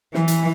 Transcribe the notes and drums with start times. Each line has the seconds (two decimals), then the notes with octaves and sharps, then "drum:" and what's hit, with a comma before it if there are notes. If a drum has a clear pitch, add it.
0.14 E3, drum: snare
0.28 drum: hi-hat